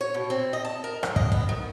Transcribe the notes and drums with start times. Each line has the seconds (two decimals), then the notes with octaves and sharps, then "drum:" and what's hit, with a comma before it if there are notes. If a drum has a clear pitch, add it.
0.01 C#5
0.14 B2
0.30 C4
0.53 D#5
0.65 A5
0.84 A#4
1.03 A2, drum: rim click
1.16 D#5, drum: kick
1.32 B3, drum: kick
1.49 D#3